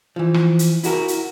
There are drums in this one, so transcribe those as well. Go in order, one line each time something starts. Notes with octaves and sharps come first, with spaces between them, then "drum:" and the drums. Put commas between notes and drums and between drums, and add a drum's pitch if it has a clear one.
E3 F3
drum: rim click
drum: hi-hat
E4 F#4 A4 A#4, drum: hi-hat
drum: hi-hat